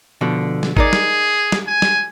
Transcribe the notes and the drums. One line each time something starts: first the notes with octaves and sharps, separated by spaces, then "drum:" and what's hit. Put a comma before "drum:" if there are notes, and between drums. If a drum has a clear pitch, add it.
B2 D3 F3
drum: snare
D#4 G#4 A#4 D5, drum: kick G#1
drum: snare
drum: snare
G#5
drum: snare